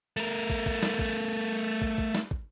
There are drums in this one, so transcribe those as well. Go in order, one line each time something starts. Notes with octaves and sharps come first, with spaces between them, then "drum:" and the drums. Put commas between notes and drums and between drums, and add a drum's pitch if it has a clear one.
A3 A#4
drum: kick
drum: kick
drum: snare
drum: kick
drum: kick
drum: kick
drum: snare
drum: kick